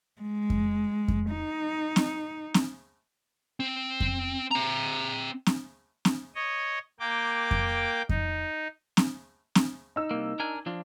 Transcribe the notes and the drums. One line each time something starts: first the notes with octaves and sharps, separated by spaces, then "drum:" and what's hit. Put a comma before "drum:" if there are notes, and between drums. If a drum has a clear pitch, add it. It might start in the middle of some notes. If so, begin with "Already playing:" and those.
G#3
drum: kick F2
drum: kick F2
D#4
drum: snare C4
drum: snare C4
C4
drum: kick F2
C4 A#5
drum: snare C4
drum: snare C4
C#5 D#5
A#3 G5 D6
drum: kick F2
D#4, drum: kick F2
drum: snare C4
drum: snare C4
D#4 E6
C2 A#3
D4 A#4 G#5
F3 D4 F4